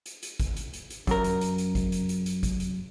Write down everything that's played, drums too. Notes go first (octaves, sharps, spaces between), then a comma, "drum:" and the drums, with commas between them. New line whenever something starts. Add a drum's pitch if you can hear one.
drum: hi-hat
drum: hi-hat
drum: kick, hi-hat
drum: hi-hat
drum: hi-hat
drum: hi-hat
F#2 A#4, drum: kick, hi-hat
drum: hi-hat
drum: hi-hat
drum: hi-hat
drum: kick, hi-hat
drum: hi-hat
drum: hi-hat
drum: hi-hat
drum: kick, hi-hat
drum: hi-hat